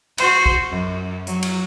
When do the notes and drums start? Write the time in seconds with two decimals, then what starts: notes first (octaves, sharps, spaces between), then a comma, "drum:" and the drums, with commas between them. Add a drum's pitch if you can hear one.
0.18 F#4 C5, drum: cymbal
0.46 drum: kick A#1
0.70 F#2
1.27 F#3, drum: hi-hat
1.42 drum: cymbal